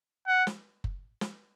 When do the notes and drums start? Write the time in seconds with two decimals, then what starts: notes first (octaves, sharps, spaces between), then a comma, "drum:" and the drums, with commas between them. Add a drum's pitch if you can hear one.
0.28 F#5
0.47 drum: snare
0.84 drum: kick F#1
1.21 drum: snare